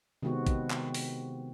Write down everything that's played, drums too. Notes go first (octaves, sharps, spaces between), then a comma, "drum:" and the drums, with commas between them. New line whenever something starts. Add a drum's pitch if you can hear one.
C3 D#3 G#3 B3 C4 F#4
drum: kick, hi-hat
drum: clap
drum: open hi-hat